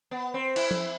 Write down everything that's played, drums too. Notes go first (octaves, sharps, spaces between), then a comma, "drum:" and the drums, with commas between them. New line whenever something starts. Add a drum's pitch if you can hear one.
B3
C4
E4, drum: cymbal
drum: tom F3